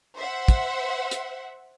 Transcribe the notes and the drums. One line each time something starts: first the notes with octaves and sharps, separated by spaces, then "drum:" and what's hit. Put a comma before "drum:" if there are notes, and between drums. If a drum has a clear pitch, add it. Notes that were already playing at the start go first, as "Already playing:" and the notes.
C5 E5 F#5
drum: kick, hi-hat
drum: hi-hat